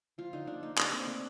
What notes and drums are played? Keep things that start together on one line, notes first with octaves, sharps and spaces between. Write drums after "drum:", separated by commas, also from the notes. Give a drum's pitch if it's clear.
F3 F4
D3 D#4
A#3 D4
A#3 D#4
A#3 D4, drum: clap
A#3 C4
A3 D4